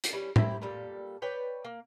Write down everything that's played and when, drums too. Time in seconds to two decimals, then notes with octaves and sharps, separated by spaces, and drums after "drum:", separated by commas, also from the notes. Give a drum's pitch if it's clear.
0.04 drum: hi-hat
0.13 G3 C#4 B4
0.36 C4 E4 G4, drum: tom
0.62 A#2 G3 A4
1.22 B4 C#5 D5 G5
1.65 A#3